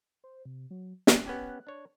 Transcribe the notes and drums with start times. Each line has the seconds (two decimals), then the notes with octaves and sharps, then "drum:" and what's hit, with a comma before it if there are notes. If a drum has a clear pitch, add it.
0.24 C5
0.45 C3
0.71 F#3
1.07 F#6, drum: snare
1.26 B3 C#4 G4
1.67 D4 C#5